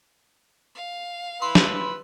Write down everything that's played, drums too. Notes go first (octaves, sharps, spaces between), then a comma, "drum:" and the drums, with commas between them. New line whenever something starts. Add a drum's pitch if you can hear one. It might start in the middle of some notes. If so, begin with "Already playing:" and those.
F5
B4 B5 C6 E6
drum: snare